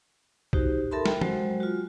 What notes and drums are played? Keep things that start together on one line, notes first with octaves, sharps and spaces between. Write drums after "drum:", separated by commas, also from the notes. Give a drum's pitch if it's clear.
D#4 F#4 G4 C5, drum: kick B1
A4 A#4 E5 A5 B5 C6
G5, drum: snare
F#3 G#3 F#4 C5, drum: tom
F4 F#4